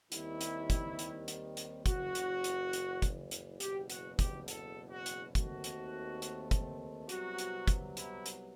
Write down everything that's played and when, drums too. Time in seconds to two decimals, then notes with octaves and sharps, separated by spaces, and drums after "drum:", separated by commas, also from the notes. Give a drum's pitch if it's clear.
0.12 D#2 D#3 G3 C4 E4, drum: hi-hat
0.41 drum: hi-hat
0.70 drum: kick, hi-hat
0.99 drum: hi-hat
1.28 drum: hi-hat
1.57 drum: hi-hat
1.86 F#1 F#2 E3 F#4, drum: kick, hi-hat
2.15 drum: hi-hat
2.44 drum: hi-hat
2.73 drum: hi-hat
3.02 drum: kick, hi-hat
3.31 drum: hi-hat
3.60 F#1 E2 B2 G4, drum: hi-hat
3.90 F#4, drum: hi-hat
4.19 G4, drum: kick, hi-hat
4.48 A4, drum: hi-hat
4.91 F#4
5.06 drum: hi-hat
5.35 D#2 D#3 A3 C4 F#4, drum: kick, hi-hat
5.64 drum: hi-hat
6.22 drum: hi-hat
6.51 drum: kick, hi-hat
7.09 C2 C3 F#3 B3 F#4, drum: hi-hat
7.38 drum: hi-hat
7.68 drum: kick, hi-hat
7.97 E4, drum: hi-hat
8.26 drum: hi-hat